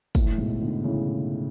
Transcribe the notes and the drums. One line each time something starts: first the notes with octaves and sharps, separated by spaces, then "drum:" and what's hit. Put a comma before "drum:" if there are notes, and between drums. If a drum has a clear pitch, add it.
A2, drum: kick, tambourine
G#2 B2
B2 D3
C#3 E3